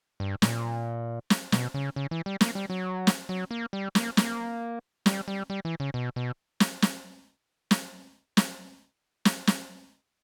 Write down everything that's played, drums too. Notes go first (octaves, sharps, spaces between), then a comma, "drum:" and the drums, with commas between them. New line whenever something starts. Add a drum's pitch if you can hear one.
G2
A#2, drum: snare
drum: snare
B2, drum: snare
C#3
C#3
E3
G3
A#3, drum: snare
G3
F#3
drum: snare
F#3
A#3
G3
A#3, drum: snare
A#3, drum: snare
G3, drum: snare
G3
G3
E3
C#3
B2
B2
drum: snare
drum: snare
drum: snare
drum: snare
drum: snare
drum: snare